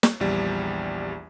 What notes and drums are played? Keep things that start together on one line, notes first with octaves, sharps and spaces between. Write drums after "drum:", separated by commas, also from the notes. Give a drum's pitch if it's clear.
drum: snare
A#1 E2 G3